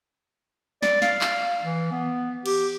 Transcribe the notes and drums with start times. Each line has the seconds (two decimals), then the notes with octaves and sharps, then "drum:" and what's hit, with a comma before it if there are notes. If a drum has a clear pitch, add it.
0.83 D5, drum: snare
1.02 F5, drum: snare
1.21 drum: clap
1.63 E3
1.92 B3
2.46 G4, drum: cymbal